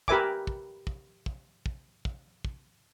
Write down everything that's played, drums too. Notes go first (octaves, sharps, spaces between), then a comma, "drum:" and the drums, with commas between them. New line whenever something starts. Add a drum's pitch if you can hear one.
G4 A#4 B4 E5 G#5 D6, drum: kick
drum: kick
drum: kick
drum: kick
drum: kick
drum: kick
drum: kick